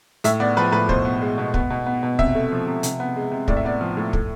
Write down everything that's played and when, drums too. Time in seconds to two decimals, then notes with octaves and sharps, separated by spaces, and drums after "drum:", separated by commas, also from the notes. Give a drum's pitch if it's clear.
0.24 A2 E5, drum: hi-hat
0.40 B3 D5
0.57 F3 B4
0.72 A2 B4
0.89 B2 C5, drum: kick
1.05 B3
1.22 G#3
1.38 B2
1.54 B3, drum: kick
1.70 B2
1.86 B3
2.03 B2
2.19 C3 E5, drum: kick
2.35 A3
2.51 F3
2.67 C3
2.83 C3, drum: hi-hat
3.00 B3
3.16 G#3
3.32 C3
3.48 A2 D5, drum: kick
3.57 E5
3.65 B3 D5
3.81 F3
3.97 A2
4.13 A3, drum: kick